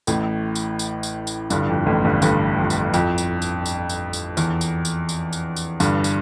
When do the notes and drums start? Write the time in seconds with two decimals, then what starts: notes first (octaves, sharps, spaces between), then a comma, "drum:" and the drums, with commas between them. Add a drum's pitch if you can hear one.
0.07 A1 A2, drum: tambourine
0.55 drum: tambourine
0.79 drum: tambourine
1.03 drum: tambourine
1.27 drum: tambourine
1.50 G1 G2, drum: tambourine
1.69 F2
1.86 A1 A2
2.05 G1 G2
2.22 G1 G2, drum: tambourine
2.58 F2
2.70 drum: tambourine
2.94 F2, drum: tambourine
3.18 drum: tambourine
3.42 drum: tambourine
3.66 drum: tambourine
3.89 drum: tambourine
4.13 drum: tambourine
4.37 E2, drum: tambourine
4.61 drum: tambourine
4.85 drum: tambourine
5.09 drum: tambourine
5.33 drum: tambourine
5.56 drum: tambourine
5.80 G1 G2, drum: tambourine
6.04 drum: tambourine